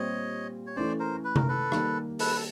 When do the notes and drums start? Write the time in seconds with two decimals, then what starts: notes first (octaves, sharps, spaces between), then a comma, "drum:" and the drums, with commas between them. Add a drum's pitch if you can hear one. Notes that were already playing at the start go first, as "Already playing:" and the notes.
Already playing: A#2 G3 C4 C#5 D#5
0.67 C#5
0.76 E3 A3 C#4 C5 D5
1.00 A#4 C5
1.24 B4
1.36 A#4, drum: tom C3
1.48 A4 B4
1.72 D#3 G3 A#3, drum: rim click
2.19 A4 B4, drum: open hi-hat
2.36 A4